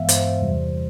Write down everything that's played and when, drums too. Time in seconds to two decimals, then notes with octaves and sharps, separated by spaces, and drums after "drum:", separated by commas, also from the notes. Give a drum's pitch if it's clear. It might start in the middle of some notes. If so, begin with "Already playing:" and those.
Already playing: G2 E3 G#3 B3 E5 F5
0.09 C5, drum: hi-hat
0.40 E2 C3 E3 G3